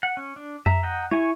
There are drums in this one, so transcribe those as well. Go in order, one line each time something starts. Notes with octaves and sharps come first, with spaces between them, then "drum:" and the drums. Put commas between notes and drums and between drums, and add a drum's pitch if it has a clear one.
F#5
C#4
D4
E5 A#5, drum: tom F2
D#5 F#5 G5
E4 C#5 G#5 C#6